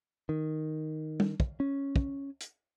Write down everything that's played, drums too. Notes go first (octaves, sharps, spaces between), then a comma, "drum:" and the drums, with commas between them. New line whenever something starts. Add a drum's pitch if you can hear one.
D#3
drum: tom
drum: kick
C#4
drum: kick
drum: hi-hat